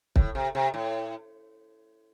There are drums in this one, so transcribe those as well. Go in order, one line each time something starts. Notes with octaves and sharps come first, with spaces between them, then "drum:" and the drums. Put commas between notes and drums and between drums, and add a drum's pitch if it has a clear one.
A2, drum: kick
C3
C3
A2